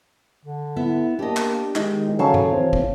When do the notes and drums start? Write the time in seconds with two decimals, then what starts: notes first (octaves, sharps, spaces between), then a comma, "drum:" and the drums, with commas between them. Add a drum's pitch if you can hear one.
0.45 D3
0.76 B3 E4 E5
1.19 A#3 D4 G4 D#5
1.37 drum: clap
1.76 D#3 G#3 D#4, drum: clap
2.19 C#3 F#3 A4 C#5 F5 A5
2.34 drum: tom G2
2.53 E3 C4
2.73 drum: kick